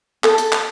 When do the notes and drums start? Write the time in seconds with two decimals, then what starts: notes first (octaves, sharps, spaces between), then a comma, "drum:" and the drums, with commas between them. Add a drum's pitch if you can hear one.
0.24 A4, drum: clap
0.38 drum: hi-hat
0.52 drum: clap